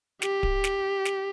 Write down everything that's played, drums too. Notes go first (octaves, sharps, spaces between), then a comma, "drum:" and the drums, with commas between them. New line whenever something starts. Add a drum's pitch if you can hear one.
G4, drum: snare
drum: kick D1
drum: snare
drum: snare